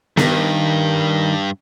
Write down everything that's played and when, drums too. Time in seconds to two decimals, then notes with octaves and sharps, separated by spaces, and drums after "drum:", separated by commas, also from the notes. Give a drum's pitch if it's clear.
0.17 G2 D#3, drum: snare B3